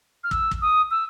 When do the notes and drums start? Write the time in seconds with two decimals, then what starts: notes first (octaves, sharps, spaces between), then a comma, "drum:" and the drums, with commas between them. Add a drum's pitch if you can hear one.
0.24 F6
0.31 E6, drum: kick
0.51 drum: kick
0.62 D#6
0.91 E6